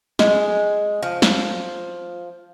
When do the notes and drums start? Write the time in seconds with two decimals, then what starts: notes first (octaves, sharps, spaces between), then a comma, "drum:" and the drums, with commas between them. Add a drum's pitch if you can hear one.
0.19 G#3, drum: snare
1.02 F3
1.22 drum: snare